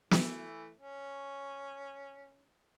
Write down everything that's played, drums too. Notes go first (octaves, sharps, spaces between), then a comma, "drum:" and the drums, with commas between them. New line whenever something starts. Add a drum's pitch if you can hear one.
E3 A3, drum: snare
C#4